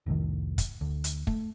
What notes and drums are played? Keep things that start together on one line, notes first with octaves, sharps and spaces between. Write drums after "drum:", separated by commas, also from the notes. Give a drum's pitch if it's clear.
F1 C2 A2 D#3
drum: kick, hi-hat
D2
drum: hi-hat
A3, drum: kick